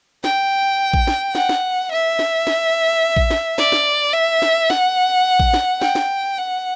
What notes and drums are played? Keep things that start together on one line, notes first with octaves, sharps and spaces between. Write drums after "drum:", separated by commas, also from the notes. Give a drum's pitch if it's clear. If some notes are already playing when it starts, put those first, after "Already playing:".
G5, drum: snare
drum: kick A1
drum: snare
F#5, drum: snare
drum: snare
E5
drum: snare
drum: snare
drum: kick A1
drum: snare
D5, drum: snare
drum: snare
E5
drum: snare
F#5, drum: snare
drum: kick A1
drum: snare
G5, drum: snare
drum: snare
F#5